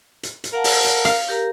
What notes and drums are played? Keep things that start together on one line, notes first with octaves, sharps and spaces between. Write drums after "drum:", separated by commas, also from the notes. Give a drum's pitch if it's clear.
drum: hi-hat
drum: hi-hat
A#4 F5 F#5 A5
drum: open hi-hat
drum: hi-hat
F5, drum: hi-hat
G4 A#4 A#5